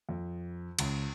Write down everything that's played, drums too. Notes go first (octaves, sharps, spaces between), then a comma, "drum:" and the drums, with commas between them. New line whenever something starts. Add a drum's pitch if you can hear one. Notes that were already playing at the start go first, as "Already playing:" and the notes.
F2
C#2, drum: cymbal